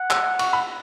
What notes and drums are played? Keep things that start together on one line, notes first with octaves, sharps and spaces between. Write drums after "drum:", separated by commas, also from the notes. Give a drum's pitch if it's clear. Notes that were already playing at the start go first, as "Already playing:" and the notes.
Already playing: F#5
E6, drum: clap
C#6, drum: cymbal
B5